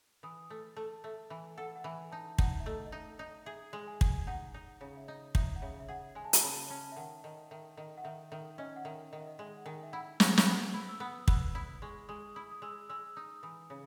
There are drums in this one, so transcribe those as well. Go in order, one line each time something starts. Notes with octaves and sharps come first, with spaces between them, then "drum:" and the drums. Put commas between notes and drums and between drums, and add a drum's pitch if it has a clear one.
E3 D#6
A3
A3 A5
A3 E5
E3 E5
A4 F#5
F#5
E3 E5
D#4 A5
D#4 F#5, drum: kick
E5
A3 D#5
D#5
D#4 E5
D#4 D#5
G#4 E5
G#3
G#5
G#4, drum: kick
G#5
D#4 F#5
D#4
C#3
E5
D#4 D#5
D#4 E5, drum: kick
F#5
C#3 E5
E5
G#4 F#5
G#3 G#5
A5
G#5, drum: hi-hat
C#3 B5
C#4 A5
E5
D#3 F#5
D#3 D#5
D#3 E5
D#3 D#5
F#5
D#3 E5
D#3 E5
C#4 D#5
F#5
D#3 E5
D#3 D#5
E5
D#5
G#3 E5
F#5
D#3 G#5
E5
E4 F#5
G#3 F#5, drum: snare
drum: snare
B3
E4
E6
B3 D#6
B3 E6, drum: kick
E4 D#6
G#3 C#6
G#3 D#6
E4 D#6
D#6
G#3 E6
G#3 E6
D#4 D#6
E3 D#6
C#3 D#6